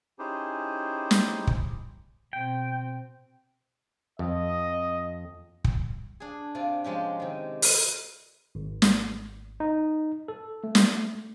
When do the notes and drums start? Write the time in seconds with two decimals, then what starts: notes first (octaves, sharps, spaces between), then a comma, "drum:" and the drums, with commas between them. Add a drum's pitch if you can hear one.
0.19 C#4 D#4 E4 G4 G#4 C5
1.11 drum: snare
1.47 drum: kick
2.33 B2 C4 G5
4.19 F2 D#5
5.64 drum: kick
6.20 D4 G#4
6.55 C3 F4 D5
6.84 F3 G#3 C#4 G4
7.20 C3 D#3
7.62 drum: open hi-hat
8.55 G#1
8.82 drum: snare
9.60 D#4
10.28 A4
10.64 A3
10.75 drum: snare